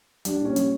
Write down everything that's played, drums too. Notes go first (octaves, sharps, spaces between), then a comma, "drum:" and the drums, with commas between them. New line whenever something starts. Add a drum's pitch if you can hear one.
G3 D4, drum: hi-hat
A#2 C#4
G3, drum: hi-hat